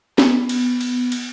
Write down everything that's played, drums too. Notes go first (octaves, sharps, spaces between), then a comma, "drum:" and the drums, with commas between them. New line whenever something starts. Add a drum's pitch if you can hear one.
B3, drum: snare
drum: cymbal
drum: cymbal
drum: cymbal